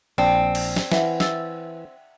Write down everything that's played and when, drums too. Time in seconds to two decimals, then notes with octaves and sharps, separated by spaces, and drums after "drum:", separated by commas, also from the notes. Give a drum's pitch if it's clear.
0.18 A#1 C4 D5 A5
0.55 drum: cymbal
0.76 drum: snare
0.92 E3 E5 F#5, drum: snare
1.20 E6 A6, drum: snare